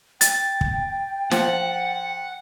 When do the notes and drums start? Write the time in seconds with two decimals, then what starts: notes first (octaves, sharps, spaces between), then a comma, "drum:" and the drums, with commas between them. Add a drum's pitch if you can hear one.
0.21 G5 A6, drum: hi-hat
0.61 drum: kick
1.31 F3 F#5, drum: snare